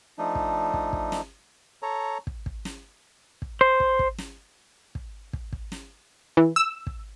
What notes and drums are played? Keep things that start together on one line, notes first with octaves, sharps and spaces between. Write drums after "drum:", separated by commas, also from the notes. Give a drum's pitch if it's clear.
F3 A3 D4 D#4
drum: kick
drum: kick
drum: kick
drum: snare
A4 C#5 A#5
drum: kick
drum: kick
drum: snare
drum: kick
C5
drum: kick
drum: kick
drum: snare
drum: kick
drum: kick
drum: kick
drum: snare
E3
E6
drum: kick